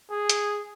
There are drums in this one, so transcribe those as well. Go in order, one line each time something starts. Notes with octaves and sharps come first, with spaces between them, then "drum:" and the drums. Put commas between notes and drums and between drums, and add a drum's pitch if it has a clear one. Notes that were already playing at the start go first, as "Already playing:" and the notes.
G#4
drum: hi-hat